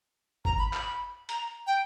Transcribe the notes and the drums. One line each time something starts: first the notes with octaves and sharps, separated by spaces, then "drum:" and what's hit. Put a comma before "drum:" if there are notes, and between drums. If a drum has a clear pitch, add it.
A#5, drum: kick F#1
B5
B5, drum: clap
A#5, drum: hi-hat
G5